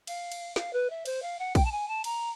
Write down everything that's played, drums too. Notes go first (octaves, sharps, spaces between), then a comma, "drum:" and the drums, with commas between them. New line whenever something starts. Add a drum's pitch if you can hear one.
F5, drum: cymbal
drum: cymbal
F5, drum: snare
B4
E5
C5, drum: cymbal
F5
F#5
G5, drum: kick A#1, cymbal
A5
G#5
A5
A#5, drum: cymbal